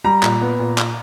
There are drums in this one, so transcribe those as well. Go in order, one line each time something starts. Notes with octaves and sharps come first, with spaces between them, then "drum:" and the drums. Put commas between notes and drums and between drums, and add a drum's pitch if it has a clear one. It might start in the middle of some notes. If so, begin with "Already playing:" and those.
G3 A#5
A#2, drum: clap
B3
A#2
drum: clap